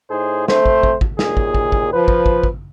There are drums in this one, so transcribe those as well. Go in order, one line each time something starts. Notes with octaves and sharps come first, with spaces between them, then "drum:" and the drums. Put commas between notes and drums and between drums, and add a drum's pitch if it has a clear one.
A2 D#4 G#4 C5
A3 C4 C5, drum: snare
drum: kick
drum: kick
drum: kick
D#2 A#2 G#4, drum: snare
drum: kick
drum: kick
drum: kick
F3 B4
drum: kick
drum: kick
drum: kick